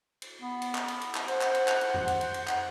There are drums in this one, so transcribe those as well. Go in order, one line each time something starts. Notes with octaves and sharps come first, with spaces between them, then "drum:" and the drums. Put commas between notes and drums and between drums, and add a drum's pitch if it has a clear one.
drum: cymbal
B3
drum: cymbal
drum: clap
drum: cymbal
drum: cymbal
drum: clap
C5 F#5, drum: cymbal
drum: clap
drum: cymbal
drum: clap
drum: cymbal
drum: tom F2
drum: cymbal
drum: cymbal
drum: cymbal
drum: clap